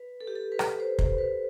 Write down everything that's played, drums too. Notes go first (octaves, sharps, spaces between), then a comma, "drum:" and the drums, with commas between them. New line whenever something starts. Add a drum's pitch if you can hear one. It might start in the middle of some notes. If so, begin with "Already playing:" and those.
Already playing: B4
A4
G4
A4
B4
A4, drum: rim click
C5
C5, drum: kick
B4